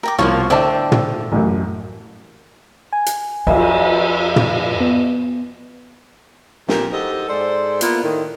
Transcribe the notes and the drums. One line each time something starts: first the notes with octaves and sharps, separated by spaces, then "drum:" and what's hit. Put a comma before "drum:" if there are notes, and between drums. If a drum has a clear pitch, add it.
A#4 G5 D6
C2 B2 F3 A#3 C#5 F5 A5
A2 D3 C5 D5 E5 G5 A5 D6
drum: tom
A1 F#2
G#5
drum: hi-hat
F2, drum: cymbal
drum: tom
B3
A#2 C4 G4 A#4, drum: snare
D#4 F#4 G4 A4 C5 D#5
G#2 G#3 A4 C5 D5
A#3 B3 E4 F4, drum: hi-hat
A2 D#3